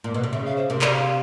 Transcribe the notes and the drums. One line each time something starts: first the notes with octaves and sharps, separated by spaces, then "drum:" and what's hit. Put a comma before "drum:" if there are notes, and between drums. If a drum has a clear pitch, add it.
A#2
B2
C3
C#3 E5
F5
C5
C3 A#4
D5, drum: clap
F5